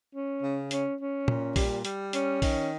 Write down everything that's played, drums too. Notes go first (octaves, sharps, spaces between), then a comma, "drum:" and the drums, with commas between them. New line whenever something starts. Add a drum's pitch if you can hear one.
C#4
C#3
C#4, drum: hi-hat
C#4
A#2, drum: tom
G3, drum: kick, open hi-hat
G3, drum: hi-hat
C#4, drum: hi-hat
D#3, drum: kick, open hi-hat